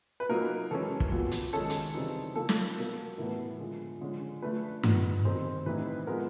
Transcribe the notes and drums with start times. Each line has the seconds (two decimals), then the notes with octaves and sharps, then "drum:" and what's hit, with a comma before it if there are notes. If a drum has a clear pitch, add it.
0.20 B4
0.29 A#2 F#3 A#3 D#4 A#4
0.71 E3 G#3 C#4 A4
1.00 drum: kick
1.12 A#2 F#3 B3
1.31 drum: hi-hat
1.53 D#3 G#3 C#4 A4
1.70 drum: hi-hat
1.94 C#3 E3 G3 C4 D#4
2.36 F3 A#3 D#4 A4
2.49 drum: snare
2.77 B2 F#3 A#3
3.18 A2 E3 G3 B3 A#4
3.60 D3 F3 G#3
4.01 D3 F3 G#3 C#4
4.42 F3 A3 D4 B4
4.83 A#2 G3 B3 D#4, drum: tom G2
5.24 D#3 G3 C4 D#4 C5
5.66 A2 E3 G3 C4 D#4 B4
6.07 F3 G#3 B3 A#4